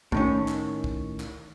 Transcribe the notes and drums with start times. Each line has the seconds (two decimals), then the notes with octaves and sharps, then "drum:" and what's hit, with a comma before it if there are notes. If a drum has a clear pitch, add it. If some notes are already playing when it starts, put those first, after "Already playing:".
0.12 A2 D#3 C#4, drum: kick
0.48 drum: clap
0.84 drum: kick
1.20 drum: clap